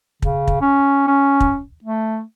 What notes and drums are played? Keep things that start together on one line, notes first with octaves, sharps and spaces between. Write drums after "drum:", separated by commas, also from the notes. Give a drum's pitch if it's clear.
C#3, drum: kick
drum: kick
C#4
C#4
drum: kick
A3